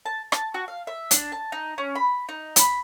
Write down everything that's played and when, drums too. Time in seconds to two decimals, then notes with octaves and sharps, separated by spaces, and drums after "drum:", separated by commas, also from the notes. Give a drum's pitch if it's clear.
0.06 A5
0.32 A5, drum: rim click
0.54 F#4
0.68 F5
0.87 E5
1.11 D4, drum: hi-hat
1.32 A5
1.52 D#4
1.78 C#4
1.95 B5
2.29 D#4
2.56 B5, drum: hi-hat